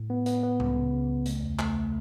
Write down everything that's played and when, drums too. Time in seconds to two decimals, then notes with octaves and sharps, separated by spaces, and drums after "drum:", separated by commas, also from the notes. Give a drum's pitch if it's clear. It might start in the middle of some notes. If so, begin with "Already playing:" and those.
Already playing: A2
0.10 B3
0.26 B3, drum: hi-hat
0.43 B3
0.60 C#2, drum: tom A2
0.76 C#3
0.92 C#3
1.10 C#2
1.26 A3, drum: hi-hat
1.43 E2
1.59 A3, drum: clap